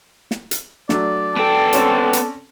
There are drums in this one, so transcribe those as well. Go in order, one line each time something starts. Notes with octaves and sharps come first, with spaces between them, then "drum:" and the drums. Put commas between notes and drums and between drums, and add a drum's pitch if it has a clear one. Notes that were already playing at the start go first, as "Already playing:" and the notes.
drum: snare
drum: hi-hat
F#3 A3 D4 D5, drum: snare
B3 A4 G5
C4 C#4 C#5, drum: hi-hat
drum: hi-hat